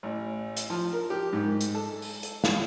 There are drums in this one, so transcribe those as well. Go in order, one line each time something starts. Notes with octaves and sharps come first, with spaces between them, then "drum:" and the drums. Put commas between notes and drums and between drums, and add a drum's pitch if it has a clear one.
A1
drum: hi-hat
F3
A#4
G4
G#2
drum: hi-hat
A4
drum: open hi-hat
drum: hi-hat
F5, drum: snare